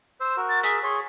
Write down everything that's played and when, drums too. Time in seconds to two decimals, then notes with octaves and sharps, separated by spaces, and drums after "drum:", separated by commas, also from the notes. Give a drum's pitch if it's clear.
0.20 C5 E6
0.37 F#4 A#4
0.49 A6
0.63 G#4 A#4 E6 B6, drum: hi-hat
0.83 G#4 C#5 C6